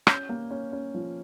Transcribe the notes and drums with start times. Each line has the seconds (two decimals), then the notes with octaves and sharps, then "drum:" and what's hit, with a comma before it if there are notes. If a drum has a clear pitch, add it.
0.07 C#4 G6, drum: rim click
0.29 A#3
0.51 C#4
0.73 C#4
0.94 F3